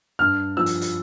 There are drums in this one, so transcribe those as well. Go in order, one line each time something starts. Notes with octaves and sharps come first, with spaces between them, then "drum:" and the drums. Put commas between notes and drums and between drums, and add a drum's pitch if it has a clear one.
G2 F6
F3 E6
drum: hi-hat
drum: hi-hat